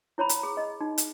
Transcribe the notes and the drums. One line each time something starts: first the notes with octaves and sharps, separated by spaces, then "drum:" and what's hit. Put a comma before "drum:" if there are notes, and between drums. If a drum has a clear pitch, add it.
E4 C#5 A#5 B5
drum: hi-hat
G#4
D#5
D#4
drum: hi-hat